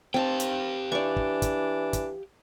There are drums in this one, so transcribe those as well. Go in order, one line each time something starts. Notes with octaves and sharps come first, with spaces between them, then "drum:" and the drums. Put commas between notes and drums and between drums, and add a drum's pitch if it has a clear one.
C4 G4 F5 G5 A5
drum: hi-hat
E3 D4 D5 C#6
drum: kick
drum: kick, hi-hat
drum: kick, hi-hat